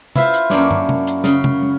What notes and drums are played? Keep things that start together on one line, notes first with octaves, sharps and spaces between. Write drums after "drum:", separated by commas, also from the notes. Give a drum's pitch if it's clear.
E4 F4 C5 E5, drum: tom
drum: hi-hat
F#2 A#3 D4 C#5, drum: snare
drum: tom
drum: tom
drum: hi-hat
C#3, drum: snare
drum: tom
drum: tom